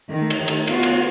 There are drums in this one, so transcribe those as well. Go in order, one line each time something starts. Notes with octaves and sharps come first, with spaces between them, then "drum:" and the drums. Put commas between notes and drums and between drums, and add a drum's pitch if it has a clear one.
D#3 A3
drum: cymbal
drum: cymbal
B3 F4 F#4, drum: cymbal
drum: cymbal